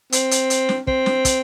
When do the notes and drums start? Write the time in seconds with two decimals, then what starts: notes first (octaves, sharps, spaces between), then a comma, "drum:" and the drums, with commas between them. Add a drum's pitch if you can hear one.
0.12 C4, drum: hi-hat
0.31 drum: hi-hat
0.50 drum: hi-hat
0.69 drum: snare
0.87 C4, drum: kick
1.06 drum: snare
1.25 drum: kick, hi-hat